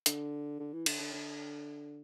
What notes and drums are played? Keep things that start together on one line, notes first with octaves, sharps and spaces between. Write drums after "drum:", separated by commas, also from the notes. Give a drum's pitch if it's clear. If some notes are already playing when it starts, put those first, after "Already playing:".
D3, drum: hi-hat
D3
E3
D3, drum: cymbal
D3
D3